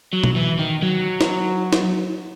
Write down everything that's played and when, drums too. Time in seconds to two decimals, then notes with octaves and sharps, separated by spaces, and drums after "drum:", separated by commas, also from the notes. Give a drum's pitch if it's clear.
0.13 F#3
0.24 drum: tom B2
0.36 E3
0.59 D#3
0.83 F#3
1.21 drum: snare
1.73 drum: snare